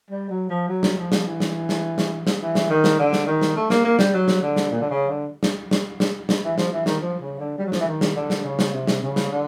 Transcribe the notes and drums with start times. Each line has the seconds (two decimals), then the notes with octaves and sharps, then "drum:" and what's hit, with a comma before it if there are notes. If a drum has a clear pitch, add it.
0.11 G3
0.30 F#3
0.49 F3
0.68 F#3
0.83 drum: snare
0.98 F3
1.12 drum: snare
1.26 E3
1.40 drum: snare
1.69 drum: snare
1.98 drum: snare
2.27 drum: snare
2.41 E3
2.55 drum: snare
2.70 D#3
2.84 drum: snare
2.99 D3
3.13 drum: snare
3.27 D#3
3.42 drum: snare
3.56 A3
3.70 A#3, drum: snare
3.84 A#3
3.99 G3, drum: snare
4.14 F#3
4.28 drum: snare
4.42 D3
4.56 drum: snare
4.71 A#2
4.81 D3
4.90 C#3
5.09 D3
5.43 drum: snare
5.71 drum: snare
6.00 drum: snare
6.29 drum: snare
6.43 E3
6.58 F3, drum: snare
6.72 E3
6.86 D#3, drum: snare
7.01 F3
7.20 C#3
7.39 D3
7.58 G3
7.66 F#3
7.72 F3, drum: snare
7.80 E3
7.87 D#3
8.01 drum: snare
8.16 D3
8.30 drum: snare
8.44 C#3
8.59 drum: snare
8.73 C3
8.87 drum: snare
9.02 C#3
9.16 drum: snare
9.31 D3